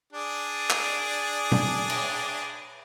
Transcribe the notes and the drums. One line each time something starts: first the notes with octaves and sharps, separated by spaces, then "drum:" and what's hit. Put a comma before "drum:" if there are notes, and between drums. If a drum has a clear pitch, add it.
D4 G#4 D5
drum: clap
drum: tom A#2
drum: cymbal